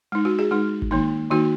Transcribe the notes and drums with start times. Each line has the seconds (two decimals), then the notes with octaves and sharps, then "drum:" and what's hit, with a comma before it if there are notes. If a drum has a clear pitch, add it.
0.12 G#3 D#4
0.25 F#4
0.39 G#4
0.51 G#3 D#4
0.82 drum: kick G#1
0.91 D#3 A#3 D#4
1.31 D#3 A#3 D#4 F#4